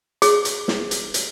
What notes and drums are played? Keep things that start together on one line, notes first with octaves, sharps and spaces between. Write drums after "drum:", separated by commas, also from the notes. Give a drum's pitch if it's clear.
G#4, drum: hi-hat
drum: hi-hat
drum: snare
drum: hi-hat
drum: hi-hat